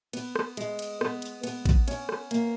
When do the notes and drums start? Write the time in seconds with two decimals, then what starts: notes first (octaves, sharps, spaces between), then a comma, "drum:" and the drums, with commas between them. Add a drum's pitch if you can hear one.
0.13 B3, drum: cymbal
0.36 drum: rim click
0.57 G#3, drum: cymbal
0.79 drum: cymbal
1.01 B3, drum: rim click
1.22 drum: cymbal
1.43 B3, drum: cymbal
1.66 drum: kick A1, cymbal
1.88 C#4, drum: cymbal
2.09 drum: rim click
2.31 A#3, drum: cymbal